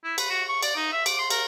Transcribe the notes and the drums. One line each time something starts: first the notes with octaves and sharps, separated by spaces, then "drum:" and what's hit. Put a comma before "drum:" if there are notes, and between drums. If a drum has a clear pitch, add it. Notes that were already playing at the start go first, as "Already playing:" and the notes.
E4
B4, drum: cymbal
F#4
C#6
D5, drum: cymbal
D#4
E5
D6, drum: cymbal
C6
A#4, drum: cymbal